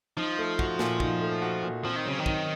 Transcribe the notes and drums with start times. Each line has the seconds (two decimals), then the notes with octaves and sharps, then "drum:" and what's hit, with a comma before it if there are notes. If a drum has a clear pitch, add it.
0.17 F3 D#4
0.38 A3
0.59 F#4, drum: kick
0.79 A#2, drum: snare
1.00 D#4, drum: kick
1.21 A3
1.42 F#4
1.63 A#2
1.84 F3 C4
1.96 D#3
2.05 C#3 F#3
2.19 D#3
2.26 D#4, drum: kick